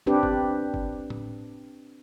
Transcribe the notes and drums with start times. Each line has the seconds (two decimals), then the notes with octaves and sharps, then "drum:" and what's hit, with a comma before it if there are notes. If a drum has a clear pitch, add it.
0.07 C4 D4 G4 B4
0.23 drum: kick
0.74 drum: kick
1.10 drum: tom A2